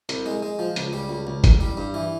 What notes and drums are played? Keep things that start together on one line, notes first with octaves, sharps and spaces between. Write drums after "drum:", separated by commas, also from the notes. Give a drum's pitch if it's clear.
C2, drum: hi-hat
G#3
G#3
F3
C#2, drum: hi-hat
G3
C#2
C#2
A1, drum: kick F#1, hi-hat
G3
G2
E3